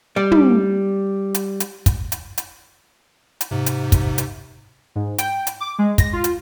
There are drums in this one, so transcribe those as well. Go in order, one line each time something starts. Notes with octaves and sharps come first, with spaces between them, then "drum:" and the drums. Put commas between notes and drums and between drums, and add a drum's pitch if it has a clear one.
G3 D5
drum: tom
drum: hi-hat
drum: hi-hat
drum: kick, hi-hat
drum: hi-hat
drum: hi-hat
drum: hi-hat
G#2 C3
drum: hi-hat
drum: kick, hi-hat
drum: hi-hat
G#2
G5, drum: hi-hat
drum: hi-hat
D6
G#3
A#6, drum: kick, hi-hat
F4
drum: hi-hat